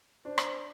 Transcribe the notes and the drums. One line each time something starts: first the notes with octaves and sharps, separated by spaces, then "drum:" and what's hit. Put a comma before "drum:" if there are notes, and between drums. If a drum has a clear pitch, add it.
D4 C5
drum: rim click